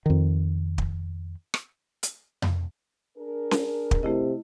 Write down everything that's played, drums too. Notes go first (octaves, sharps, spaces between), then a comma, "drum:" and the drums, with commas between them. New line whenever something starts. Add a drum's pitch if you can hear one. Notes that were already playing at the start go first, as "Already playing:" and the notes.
F2 D#3
drum: kick
drum: rim click
drum: hi-hat
drum: tom F2
D4 G#4 A#4
drum: snare C#4
drum: kick
C3 A3 E4 D#5